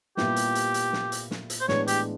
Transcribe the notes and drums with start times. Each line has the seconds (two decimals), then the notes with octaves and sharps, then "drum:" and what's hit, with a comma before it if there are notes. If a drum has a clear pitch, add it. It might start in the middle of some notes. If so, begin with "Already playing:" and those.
0.17 A#2 G3 B3 E4 G4, drum: snare
0.36 drum: hi-hat
0.55 drum: hi-hat
0.74 drum: hi-hat
0.93 drum: snare
1.12 drum: hi-hat
1.31 drum: snare
1.50 drum: hi-hat
1.61 C5
1.68 A2 E3 G#3 B3 D4 C#5, drum: snare
1.87 G4, drum: hi-hat